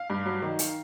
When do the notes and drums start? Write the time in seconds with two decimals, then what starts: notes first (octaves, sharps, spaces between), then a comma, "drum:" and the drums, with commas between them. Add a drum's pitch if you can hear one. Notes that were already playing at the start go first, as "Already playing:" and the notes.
Already playing: F5
0.10 G2
0.26 F#3
0.42 D#3
0.59 drum: hi-hat